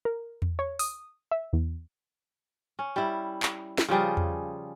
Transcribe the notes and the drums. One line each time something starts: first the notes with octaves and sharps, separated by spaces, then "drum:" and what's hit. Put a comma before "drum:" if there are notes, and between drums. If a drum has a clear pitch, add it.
A#4
drum: tom E2
C#5
D#6, drum: open hi-hat
E5
E2
C#4
G3 E4
drum: clap
drum: snare
C#3 F3 G3 G#4
drum: tom E2